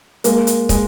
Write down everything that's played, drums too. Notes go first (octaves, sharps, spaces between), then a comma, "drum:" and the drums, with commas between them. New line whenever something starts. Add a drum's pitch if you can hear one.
G#3 A#3, drum: hi-hat
drum: hi-hat
G#3, drum: kick, hi-hat